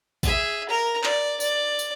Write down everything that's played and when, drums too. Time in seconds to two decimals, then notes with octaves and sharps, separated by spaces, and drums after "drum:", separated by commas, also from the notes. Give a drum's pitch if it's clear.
0.23 G#4 E5, drum: kick A1, tambourine
0.69 A#4 A#5
1.04 D5, drum: clap
1.40 D5, drum: tambourine
1.79 drum: tambourine